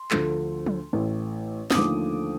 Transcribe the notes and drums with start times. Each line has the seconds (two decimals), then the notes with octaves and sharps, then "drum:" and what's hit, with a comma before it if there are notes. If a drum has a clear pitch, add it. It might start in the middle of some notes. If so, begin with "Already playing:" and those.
Already playing: C6
0.11 D2 D3 F3 A3, drum: clap
0.66 drum: tom F3
0.93 A1 A2 A3
1.71 D#6, drum: snare
1.75 D#2 D3 F3 A3 D6